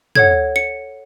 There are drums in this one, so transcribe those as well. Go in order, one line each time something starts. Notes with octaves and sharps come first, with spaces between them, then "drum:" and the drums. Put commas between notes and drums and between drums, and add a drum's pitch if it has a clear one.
A4 C#5 F#5 G#6, drum: tom
C#7